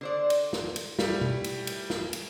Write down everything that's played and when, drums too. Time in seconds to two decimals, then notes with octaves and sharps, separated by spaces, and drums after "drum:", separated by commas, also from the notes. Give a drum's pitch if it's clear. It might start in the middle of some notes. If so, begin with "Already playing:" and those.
0.01 D3 C5 D5
0.30 drum: cymbal
0.53 drum: snare
0.76 drum: cymbal
0.99 G3 A3 E4, drum: snare
1.21 drum: tom B2
1.44 drum: cymbal
1.67 drum: cymbal
1.90 drum: snare
2.13 drum: cymbal